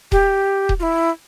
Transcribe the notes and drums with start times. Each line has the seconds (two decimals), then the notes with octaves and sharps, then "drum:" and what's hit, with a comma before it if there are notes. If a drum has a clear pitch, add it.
0.12 G4, drum: kick D#1
0.69 drum: kick D#1
0.79 F4
0.83 E4